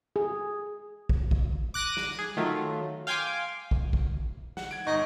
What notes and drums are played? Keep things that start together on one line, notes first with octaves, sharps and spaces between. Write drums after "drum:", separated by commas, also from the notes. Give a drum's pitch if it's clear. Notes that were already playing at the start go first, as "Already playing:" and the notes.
G#4
drum: kick
drum: kick
D6 F#6 A#6 D#7
drum: snare
G#4
D#3 F#3 A3 F4
F5 G5 G#5 C6 D6
drum: kick
drum: kick
F#5, drum: snare
G#6 D7
G1 D#4 D#5 C#6